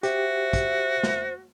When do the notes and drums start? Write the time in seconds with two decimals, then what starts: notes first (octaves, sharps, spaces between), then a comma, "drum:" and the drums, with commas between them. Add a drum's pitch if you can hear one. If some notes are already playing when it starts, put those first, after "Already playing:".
0.03 F#4 G4 C5 E5, drum: hi-hat
0.53 drum: kick, hi-hat
1.03 drum: snare